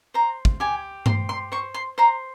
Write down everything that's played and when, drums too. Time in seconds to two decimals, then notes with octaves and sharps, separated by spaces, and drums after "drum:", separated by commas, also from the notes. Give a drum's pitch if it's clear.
0.14 C5 A#5
0.45 drum: kick
0.60 G4 G#5
1.06 C5 C6, drum: tom G2
1.29 C6
1.52 C5 C#6
1.74 C6
1.98 C5 A#5